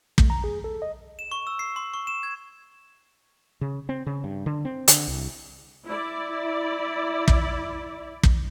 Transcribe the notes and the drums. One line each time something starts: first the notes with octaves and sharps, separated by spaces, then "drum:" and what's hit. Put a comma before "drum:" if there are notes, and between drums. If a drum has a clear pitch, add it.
A3, drum: kick
A#5
G#4
A4
D#5
E7
C#6
E6
C7
C6
C#6
E7
G#6
C#3
C4
C#3
G2
D3
C4
D3, drum: hi-hat
C2
E4 D5
drum: kick
drum: kick